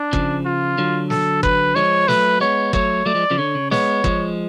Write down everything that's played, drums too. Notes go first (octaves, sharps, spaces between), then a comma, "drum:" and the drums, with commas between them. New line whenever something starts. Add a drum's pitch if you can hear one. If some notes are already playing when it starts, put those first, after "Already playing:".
Already playing: D4
C#3 F3, drum: kick
F4
D3 F#3
A4, drum: snare
B4, drum: kick
F3 G#3 C#5
F#3 A3 B4, drum: snare
G#3 B3 C#5
F#3 A3 C#5, drum: kick
F#3 A3 D5
F3 G#3
C#3 F3
D3 C#5
C#3
G#3 B3 C#5, drum: snare
F3 G#3, drum: kick